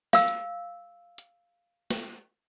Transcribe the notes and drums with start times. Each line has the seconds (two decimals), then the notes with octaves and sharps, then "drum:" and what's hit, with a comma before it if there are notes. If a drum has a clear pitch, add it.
0.13 F5 E6, drum: snare
0.28 drum: hi-hat
1.18 drum: hi-hat
1.90 drum: snare